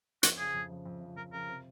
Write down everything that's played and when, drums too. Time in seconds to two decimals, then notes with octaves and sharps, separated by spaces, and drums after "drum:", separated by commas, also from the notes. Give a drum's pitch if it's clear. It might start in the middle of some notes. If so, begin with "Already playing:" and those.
0.23 F2 F#4, drum: hi-hat
0.38 C#3 F3 G#4
0.54 F2
0.70 C#3 F3
0.86 F2
1.01 C#3 F3
1.17 F2 A#4
1.32 C#3 F3 A#4
1.48 C3